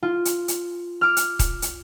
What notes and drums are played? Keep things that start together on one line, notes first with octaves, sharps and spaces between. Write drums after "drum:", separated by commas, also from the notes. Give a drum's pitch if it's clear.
F4
drum: hi-hat
drum: hi-hat
D6 F6
drum: hi-hat
drum: kick D#1, hi-hat
drum: hi-hat